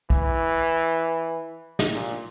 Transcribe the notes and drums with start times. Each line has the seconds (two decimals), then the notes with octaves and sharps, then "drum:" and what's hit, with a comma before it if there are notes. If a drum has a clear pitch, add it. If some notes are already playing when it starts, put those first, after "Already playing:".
0.10 E3, drum: kick
1.79 drum: snare
1.93 A#2